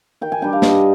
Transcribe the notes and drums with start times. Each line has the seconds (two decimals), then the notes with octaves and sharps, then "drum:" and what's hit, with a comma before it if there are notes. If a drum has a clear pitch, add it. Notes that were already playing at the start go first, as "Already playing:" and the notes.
0.21 D#3 G5
0.32 G#5
0.42 G3 D4 G5
0.53 F5
0.62 G2 D#5, drum: snare